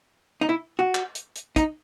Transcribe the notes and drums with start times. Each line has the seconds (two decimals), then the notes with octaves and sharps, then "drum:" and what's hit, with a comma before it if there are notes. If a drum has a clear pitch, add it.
0.41 D#4
0.49 E4
0.79 F#4
0.95 drum: clap
1.15 drum: hi-hat
1.36 drum: hi-hat
1.56 D#4, drum: kick, hi-hat